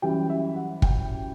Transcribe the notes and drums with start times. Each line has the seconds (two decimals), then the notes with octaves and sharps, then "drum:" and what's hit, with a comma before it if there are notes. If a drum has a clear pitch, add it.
0.02 F#2 E3 G3 G5
0.30 E5
0.56 F#5
0.82 G5, drum: kick